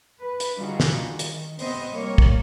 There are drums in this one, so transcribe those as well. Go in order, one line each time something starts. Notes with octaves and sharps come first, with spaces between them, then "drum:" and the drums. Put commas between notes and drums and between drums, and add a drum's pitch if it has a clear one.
B4
drum: hi-hat
D3 G3 D#4 F4 F#4 G#4
drum: snare
D#3
drum: hi-hat
C3 B3 C4 C5 D#5, drum: open hi-hat
G3 A#3 A#4 C#5
drum: kick